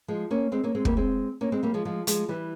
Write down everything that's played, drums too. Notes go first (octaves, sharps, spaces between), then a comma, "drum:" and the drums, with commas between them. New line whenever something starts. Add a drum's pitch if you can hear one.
F3 G#3
A#3 C#4
G#3 C4
A#3 C#4
G#3 C4
G3 A#3, drum: kick
G#3 C4
A#3 C#4
G#3 C4
G3 A#3
F3 G#3
F3 G#3
F3 G#3, drum: hi-hat
E3 G3